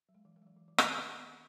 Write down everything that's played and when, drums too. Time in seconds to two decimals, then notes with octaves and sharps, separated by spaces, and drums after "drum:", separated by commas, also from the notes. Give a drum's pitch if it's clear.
0.09 F#3
0.15 G#3
0.25 E3
0.36 G#3
0.42 F#3
0.47 E3
0.57 E3
0.68 E3
0.78 D#3, drum: rim click
1.10 B3